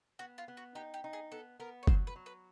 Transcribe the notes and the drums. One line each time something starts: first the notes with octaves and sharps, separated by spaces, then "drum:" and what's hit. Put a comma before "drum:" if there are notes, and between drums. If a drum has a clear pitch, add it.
B3 F#4
F4
B3
F#4
D#4 G4
G4
D#4
G#4
B3 A4
B3 A#4
C#5
F#3 C5, drum: kick F#1
B4
F#3
B4